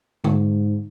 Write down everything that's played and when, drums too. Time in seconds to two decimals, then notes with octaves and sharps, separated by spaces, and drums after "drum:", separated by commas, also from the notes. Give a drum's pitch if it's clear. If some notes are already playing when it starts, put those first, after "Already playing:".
0.24 G#2, drum: tom D3